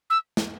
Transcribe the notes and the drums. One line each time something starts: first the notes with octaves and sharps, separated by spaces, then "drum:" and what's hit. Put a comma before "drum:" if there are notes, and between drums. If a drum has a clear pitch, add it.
E6
drum: snare